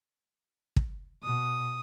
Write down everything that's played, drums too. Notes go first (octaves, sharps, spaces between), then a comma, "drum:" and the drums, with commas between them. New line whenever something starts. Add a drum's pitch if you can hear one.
drum: kick
B2 D#6